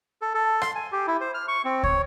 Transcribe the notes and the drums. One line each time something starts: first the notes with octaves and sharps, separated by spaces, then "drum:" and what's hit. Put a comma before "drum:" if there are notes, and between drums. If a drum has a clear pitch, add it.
A4
A4
C6, drum: rim click
G#5
G4
E4
C5
F6
C#6
C4
C#5, drum: kick